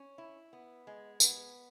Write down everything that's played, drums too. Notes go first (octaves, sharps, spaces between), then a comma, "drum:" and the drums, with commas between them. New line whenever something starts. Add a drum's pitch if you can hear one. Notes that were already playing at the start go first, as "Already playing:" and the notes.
Already playing: C#4
E4
B3
G#3
B3, drum: tambourine